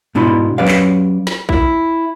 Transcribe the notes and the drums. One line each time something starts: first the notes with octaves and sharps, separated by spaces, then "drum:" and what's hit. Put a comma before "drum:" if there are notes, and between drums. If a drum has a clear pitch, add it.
G#2 B2 D4 E4 B5 C6
F#3 C#4 G4 B4 D5 F5
drum: clap
drum: snare
E4, drum: kick